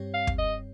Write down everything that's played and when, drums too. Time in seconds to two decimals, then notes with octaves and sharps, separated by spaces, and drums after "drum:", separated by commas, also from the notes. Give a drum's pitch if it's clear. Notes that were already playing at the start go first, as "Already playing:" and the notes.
Already playing: G2 G3 C4 G4 C#5
0.14 F5
0.27 drum: kick
0.38 D#5